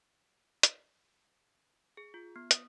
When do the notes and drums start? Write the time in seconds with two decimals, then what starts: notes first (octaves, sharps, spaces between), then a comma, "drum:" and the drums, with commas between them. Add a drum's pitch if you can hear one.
0.63 drum: hi-hat
1.97 G#4
2.14 F4
2.36 B3
2.51 D#6, drum: hi-hat